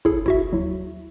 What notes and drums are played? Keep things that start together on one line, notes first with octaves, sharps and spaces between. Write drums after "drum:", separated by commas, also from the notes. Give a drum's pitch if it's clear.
E4 G#4 A4, drum: kick
E4 F#4 E5, drum: kick
D#2 F#3 E4